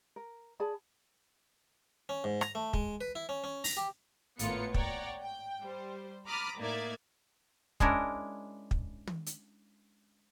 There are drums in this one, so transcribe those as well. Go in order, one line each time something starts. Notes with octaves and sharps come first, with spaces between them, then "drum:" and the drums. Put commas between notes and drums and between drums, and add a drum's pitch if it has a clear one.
A#4
G#4 D5 A5 B5
C#4
G#2
A#5, drum: rim click
A3
G#3, drum: kick
B4
E4
C#4
C#4
A#5, drum: open hi-hat
G4
G#1 A2 A#3 B3 F4 C#7, drum: hi-hat
C#5 D5 F#5 G5 A#5, drum: kick
G5
G3 C5
A#5 B5 D6 D#6 F6 A6
A2 A#3 D#4 D5 E5 G#6
G#3 C#4 D4 E4 A#4, drum: kick
drum: kick
drum: tom
drum: hi-hat